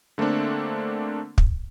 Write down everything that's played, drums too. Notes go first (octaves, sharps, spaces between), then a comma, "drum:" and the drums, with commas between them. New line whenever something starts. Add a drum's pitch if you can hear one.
D3 A3 A#3 C4 D4
drum: kick